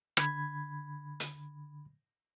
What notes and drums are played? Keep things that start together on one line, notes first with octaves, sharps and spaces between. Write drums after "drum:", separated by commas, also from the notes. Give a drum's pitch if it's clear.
D3 B5 G#6, drum: rim click
drum: hi-hat